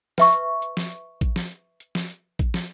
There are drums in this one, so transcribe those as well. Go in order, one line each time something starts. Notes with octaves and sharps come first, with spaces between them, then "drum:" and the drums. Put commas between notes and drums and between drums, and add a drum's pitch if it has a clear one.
B4 E5 C#6, drum: snare
drum: hi-hat
drum: hi-hat
drum: snare
drum: hi-hat
drum: kick A1, hi-hat
drum: snare
drum: hi-hat
drum: hi-hat
drum: snare
drum: hi-hat
drum: kick A1, hi-hat
drum: snare